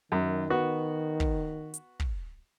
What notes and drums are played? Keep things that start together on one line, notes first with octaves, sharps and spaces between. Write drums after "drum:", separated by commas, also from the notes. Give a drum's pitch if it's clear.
F#2 D#3
B3 F#4
drum: kick
drum: hi-hat
drum: kick